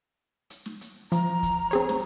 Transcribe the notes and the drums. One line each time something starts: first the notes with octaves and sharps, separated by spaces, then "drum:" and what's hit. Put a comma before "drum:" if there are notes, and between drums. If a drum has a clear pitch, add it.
drum: hi-hat
drum: snare
drum: hi-hat
F3 A#5, drum: hi-hat
drum: kick, hi-hat
C4 G#4 C#5, drum: hi-hat
drum: snare